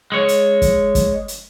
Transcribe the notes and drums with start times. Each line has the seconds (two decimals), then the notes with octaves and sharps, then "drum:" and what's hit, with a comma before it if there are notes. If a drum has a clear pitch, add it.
0.12 G#3 C#5
0.28 drum: hi-hat
0.62 drum: kick, hi-hat
0.95 drum: kick, hi-hat
1.28 drum: hi-hat